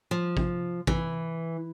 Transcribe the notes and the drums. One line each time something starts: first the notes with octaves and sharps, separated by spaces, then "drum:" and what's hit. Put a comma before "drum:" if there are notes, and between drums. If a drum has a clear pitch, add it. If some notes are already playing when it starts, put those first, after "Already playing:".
F3
drum: kick
E3, drum: kick